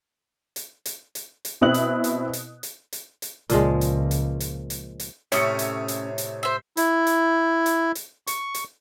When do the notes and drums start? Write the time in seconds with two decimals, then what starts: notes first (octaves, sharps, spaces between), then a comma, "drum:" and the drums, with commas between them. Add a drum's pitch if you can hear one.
0.56 drum: hi-hat
0.86 drum: hi-hat
1.15 drum: hi-hat
1.45 drum: hi-hat
1.61 B2 C4 E4 D#6 F#6 F#7
1.74 drum: hi-hat
2.04 drum: hi-hat
2.33 drum: hi-hat
2.63 drum: hi-hat
2.93 drum: hi-hat
3.22 drum: hi-hat
3.50 C#2 A#2 F3 G#3, drum: hi-hat
3.81 drum: hi-hat
4.11 drum: hi-hat
4.40 drum: hi-hat
4.70 drum: hi-hat
5.00 drum: hi-hat
5.32 A2 C3 A3 C4 C#4 C#5 D#6 C#7, drum: hi-hat
5.59 drum: hi-hat
5.88 drum: hi-hat
6.18 drum: hi-hat
6.43 C5 E5
6.77 E4, drum: hi-hat
7.07 drum: hi-hat
7.66 drum: hi-hat
7.95 drum: hi-hat
8.27 C#6, drum: hi-hat
8.54 drum: hi-hat